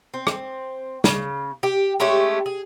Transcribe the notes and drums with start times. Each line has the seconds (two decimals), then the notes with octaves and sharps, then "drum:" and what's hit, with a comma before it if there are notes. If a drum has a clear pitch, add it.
0.14 C4
0.27 drum: rim click
1.04 C#3, drum: snare
1.63 G4
2.00 G#3 A3 C#4 G4
2.46 G#4